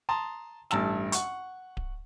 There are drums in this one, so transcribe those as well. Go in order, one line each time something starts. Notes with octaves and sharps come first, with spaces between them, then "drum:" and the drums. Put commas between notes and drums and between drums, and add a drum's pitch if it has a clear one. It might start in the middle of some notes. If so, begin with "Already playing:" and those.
A5 A#5 C6 D#6
A1 G2 A5 E6, drum: snare
F#5 C#6, drum: hi-hat
drum: kick D1